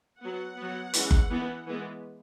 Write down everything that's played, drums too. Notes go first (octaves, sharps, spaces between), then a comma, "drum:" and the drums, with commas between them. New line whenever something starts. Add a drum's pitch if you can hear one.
F#3 B3 F#5
F#3 B3
E3 G#3 C#4, drum: hi-hat
drum: kick F#1
E3 B3
E3 G#3 B3